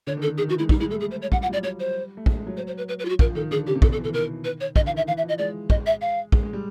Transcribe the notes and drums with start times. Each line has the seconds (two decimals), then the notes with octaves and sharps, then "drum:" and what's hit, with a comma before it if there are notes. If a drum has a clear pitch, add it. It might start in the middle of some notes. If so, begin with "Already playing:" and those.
0.07 D3 C#5
0.17 D#3
0.22 A4
0.28 D3
0.38 D#3 G#4
0.48 E3 F#4
0.59 G#3 E4
0.69 G3 D#4, drum: kick
0.80 G#3 E4
0.90 A3 A4
1.00 G#3 G#4
1.11 C5
1.22 C#5
1.32 G3 F#5, drum: kick
1.42 F3 F#5
1.49 G3
1.53 F#3 D5
1.63 G3 C#5
1.80 C5
2.17 A3
2.26 G#3, drum: kick
2.37 G#3
2.47 F#3
2.57 C5
2.67 C5
2.78 B4
2.89 B4
2.99 B4
3.05 F4
3.09 F#4
3.19 F3 A#4, drum: kick
3.35 D#3 A4
3.51 D3 G#4
3.67 C#3 G4
3.75 C3
3.82 B2 A4, drum: kick
3.92 A4
3.98 E3
4.04 A4
4.09 E3
4.13 D#3 A#4
4.45 B4
4.60 C#5
4.76 D3 D#5, drum: kick
4.85 E3 F5
4.91 D#3
4.97 E5
5.08 E3 F5
5.17 E5
5.23 F3
5.29 D#5
5.38 G#3 D5
5.70 D#5, drum: kick
5.86 E5
6.01 F5
6.32 G#3, drum: kick
6.43 G#3
6.53 G3